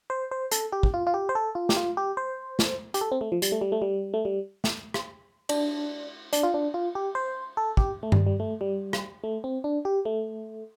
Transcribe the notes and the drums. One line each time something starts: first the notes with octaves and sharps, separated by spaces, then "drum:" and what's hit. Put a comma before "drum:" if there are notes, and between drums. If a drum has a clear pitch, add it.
C5
C5
A4, drum: hi-hat
G4
drum: kick
F4
F4
G4
C5
A4
F4
G4, drum: snare
F4
G4
C5
drum: snare
G4, drum: hi-hat
A4
C4
A3
F3
G3, drum: hi-hat
A3
G3
A3
G3
A3
G3
drum: snare
drum: rim click
D4, drum: cymbal
D4, drum: hi-hat
F4
D4
F4
G4
C5
A4
G4, drum: kick
A3
G3, drum: tom G2
G3
A3
G3
drum: rim click
A3
C4
D4
G4
A3